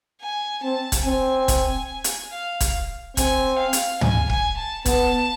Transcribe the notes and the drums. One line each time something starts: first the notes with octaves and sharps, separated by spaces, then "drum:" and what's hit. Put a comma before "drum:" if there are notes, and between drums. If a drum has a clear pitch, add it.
G#5
C4 A5
drum: kick, hi-hat
C4 G#5
drum: kick, hi-hat
drum: hi-hat
F5
drum: kick, hi-hat
C4 G#5, drum: kick, hi-hat
F5
drum: hi-hat
G#5, drum: tom
G#5, drum: kick
A5
B3 A5, drum: kick, hi-hat